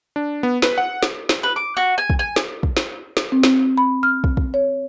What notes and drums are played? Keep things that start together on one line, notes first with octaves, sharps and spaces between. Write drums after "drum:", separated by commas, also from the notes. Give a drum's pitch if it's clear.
D4
B3
B4, drum: snare
F#5
drum: snare
drum: snare
B4
D6
F#4
G#5
drum: kick
G#5
drum: snare
drum: kick
drum: snare
drum: snare
C4
drum: snare
B5
F6
drum: kick
drum: kick
C#5